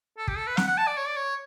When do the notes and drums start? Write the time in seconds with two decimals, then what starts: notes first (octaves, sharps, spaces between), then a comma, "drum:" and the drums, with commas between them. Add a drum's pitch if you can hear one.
0.17 A4
0.28 G4, drum: kick
0.37 A4
0.47 B4
0.57 F#5, drum: snare
0.67 F#5
0.77 A5
0.87 D5
0.97 C#5
1.07 D5
1.16 C#5